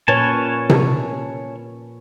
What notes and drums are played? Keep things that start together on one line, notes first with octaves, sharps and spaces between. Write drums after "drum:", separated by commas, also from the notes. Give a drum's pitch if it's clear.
A#2 C#4 B4 C#5 G#5 A5
drum: tom C3